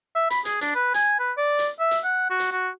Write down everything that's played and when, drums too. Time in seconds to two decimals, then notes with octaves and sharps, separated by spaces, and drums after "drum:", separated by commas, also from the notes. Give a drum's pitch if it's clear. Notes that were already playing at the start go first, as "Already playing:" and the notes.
0.15 E5
0.30 B5, drum: hi-hat
0.45 G#4, drum: hi-hat
0.61 D4, drum: hi-hat
0.75 B4
0.94 G#5, drum: hi-hat
1.19 B4
1.37 D5
1.59 drum: hi-hat
1.79 E5
1.91 drum: hi-hat
2.04 F#5
2.30 F#4
2.40 drum: hi-hat
2.52 F#4